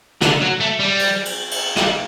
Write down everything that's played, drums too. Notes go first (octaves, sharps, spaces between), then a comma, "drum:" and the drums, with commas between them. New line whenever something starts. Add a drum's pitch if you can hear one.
D3, drum: snare
F#3
A3
G3
drum: cymbal
drum: cymbal
drum: cymbal
G3, drum: snare